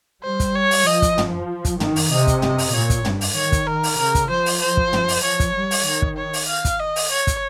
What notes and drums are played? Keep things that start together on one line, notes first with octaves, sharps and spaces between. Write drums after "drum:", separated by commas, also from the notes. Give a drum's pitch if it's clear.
G3 C5
drum: kick, hi-hat
C#5
drum: open hi-hat
F3 D#5
drum: kick, hi-hat
drum: tom
drum: kick, hi-hat
D#3, drum: tom
drum: open hi-hat
C3 D#5
drum: kick, hi-hat
D#5, drum: tom
drum: open hi-hat
A#2 C#5
drum: kick, hi-hat
G2, drum: tom
drum: open hi-hat
D#3 C#5
drum: kick, hi-hat
A#4
drum: open hi-hat
C#3 A#4
drum: kick, hi-hat
F3 C5
drum: open hi-hat
C5
drum: kick
drum: tom
drum: open hi-hat
F3 C#5
drum: kick, hi-hat
G3
drum: open hi-hat
D#3
drum: kick
C#5
drum: open hi-hat
F5
drum: kick, hi-hat
D#5
drum: open hi-hat
C#5
drum: kick, hi-hat